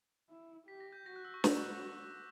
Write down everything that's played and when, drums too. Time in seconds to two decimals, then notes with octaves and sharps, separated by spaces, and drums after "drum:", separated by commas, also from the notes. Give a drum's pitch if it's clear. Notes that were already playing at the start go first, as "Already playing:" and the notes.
0.30 E4
0.67 G4 B6
0.80 A#6
0.92 G6
1.06 F#4 A#6
1.16 F#6
1.25 E6
1.34 C#6
1.44 F#4 D6, drum: snare